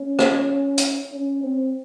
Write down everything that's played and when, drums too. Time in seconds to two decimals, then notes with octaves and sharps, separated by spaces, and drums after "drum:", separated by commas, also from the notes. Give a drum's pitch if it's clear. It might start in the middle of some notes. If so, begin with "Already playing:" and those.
Already playing: C#4
0.19 drum: rim click
0.78 drum: hi-hat
1.12 C#4
1.43 C4